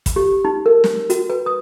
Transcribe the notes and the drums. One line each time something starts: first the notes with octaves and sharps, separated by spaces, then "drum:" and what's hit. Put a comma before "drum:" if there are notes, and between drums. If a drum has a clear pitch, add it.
drum: kick, hi-hat
G4
D#4
A#4
drum: snare
F#4, drum: hi-hat
B4
D#6